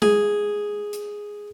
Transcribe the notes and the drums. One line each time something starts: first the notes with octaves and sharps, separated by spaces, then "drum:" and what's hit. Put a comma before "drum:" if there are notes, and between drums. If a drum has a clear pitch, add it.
G#4, drum: tom G#3
drum: hi-hat